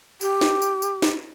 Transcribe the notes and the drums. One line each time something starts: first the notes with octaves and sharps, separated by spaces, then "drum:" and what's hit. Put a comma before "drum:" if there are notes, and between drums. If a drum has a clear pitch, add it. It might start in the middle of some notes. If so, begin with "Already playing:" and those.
G4, drum: tambourine
drum: snare
drum: tambourine
drum: tambourine
drum: snare